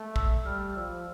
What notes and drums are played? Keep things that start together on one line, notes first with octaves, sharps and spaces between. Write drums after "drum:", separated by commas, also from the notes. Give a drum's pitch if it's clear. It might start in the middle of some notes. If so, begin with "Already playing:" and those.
Already playing: A3
E6, drum: kick
G3 F6
F3 E6